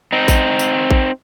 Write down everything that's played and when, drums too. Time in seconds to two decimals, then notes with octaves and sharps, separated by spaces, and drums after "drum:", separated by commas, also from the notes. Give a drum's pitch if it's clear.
0.12 C4 D#4
0.28 drum: kick A1, tambourine
0.59 drum: tambourine
0.91 drum: kick A1